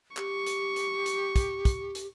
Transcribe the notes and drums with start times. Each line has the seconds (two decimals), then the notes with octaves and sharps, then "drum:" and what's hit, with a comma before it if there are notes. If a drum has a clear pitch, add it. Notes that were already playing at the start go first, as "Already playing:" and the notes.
0.17 G4 C#6, drum: clap
0.46 drum: hi-hat
0.76 drum: hi-hat
1.06 drum: hi-hat
1.36 drum: kick, hi-hat
1.65 drum: kick, hi-hat
1.95 drum: hi-hat